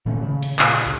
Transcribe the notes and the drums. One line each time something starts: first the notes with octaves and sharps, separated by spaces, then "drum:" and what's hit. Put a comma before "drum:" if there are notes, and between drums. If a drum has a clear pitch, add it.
A#2 D#3 A3 C#4
C#3
drum: cymbal
A#2 C#3, drum: clap
drum: cymbal
C2 D3